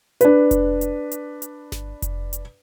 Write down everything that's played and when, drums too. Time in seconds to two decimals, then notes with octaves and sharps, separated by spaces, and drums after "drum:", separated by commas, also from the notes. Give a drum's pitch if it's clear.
0.21 D4 B4, drum: hi-hat
0.51 drum: kick F1, hi-hat
0.81 drum: hi-hat
1.11 drum: hi-hat
1.42 drum: hi-hat
1.72 drum: snare G1
2.02 drum: kick F1, hi-hat
2.33 drum: hi-hat